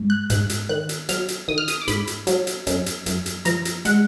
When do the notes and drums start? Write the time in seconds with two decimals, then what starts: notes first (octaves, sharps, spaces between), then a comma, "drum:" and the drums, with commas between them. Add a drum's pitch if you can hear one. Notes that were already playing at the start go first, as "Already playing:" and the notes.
Already playing: G#2
0.10 F#6
0.30 G#2 F#6, drum: hi-hat
0.49 drum: hi-hat
0.69 D#3 F#6
0.89 drum: hi-hat
1.09 F#3 F6, drum: hi-hat
1.28 drum: hi-hat
1.48 D#3 D#6
1.58 F6
1.68 D#6, drum: hi-hat
1.82 D6
1.88 G#2 B5, drum: hi-hat
2.07 drum: hi-hat
2.27 F#3, drum: hi-hat
2.47 drum: hi-hat
2.67 F#2, drum: hi-hat
2.86 drum: hi-hat
3.06 F#2, drum: hi-hat
3.26 drum: hi-hat
3.45 F3 A#5, drum: hi-hat
3.65 drum: hi-hat
3.85 G#3 F#5, drum: hi-hat